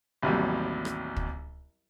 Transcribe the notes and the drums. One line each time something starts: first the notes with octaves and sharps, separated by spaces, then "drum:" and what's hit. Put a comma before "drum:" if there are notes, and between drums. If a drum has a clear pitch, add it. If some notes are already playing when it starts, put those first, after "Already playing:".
A1 D#2 C3 F#3 G3
drum: rim click
drum: kick